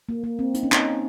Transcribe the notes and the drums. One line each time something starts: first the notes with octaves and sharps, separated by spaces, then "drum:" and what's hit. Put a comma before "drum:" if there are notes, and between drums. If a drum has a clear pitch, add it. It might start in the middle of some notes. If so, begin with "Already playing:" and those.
A#3
A#3
C4
D#4, drum: hi-hat
C#4
D#4, drum: clap